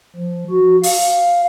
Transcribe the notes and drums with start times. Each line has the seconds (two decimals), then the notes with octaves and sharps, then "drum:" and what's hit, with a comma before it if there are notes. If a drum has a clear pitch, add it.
0.16 F3
0.51 F#4
0.83 F5, drum: open hi-hat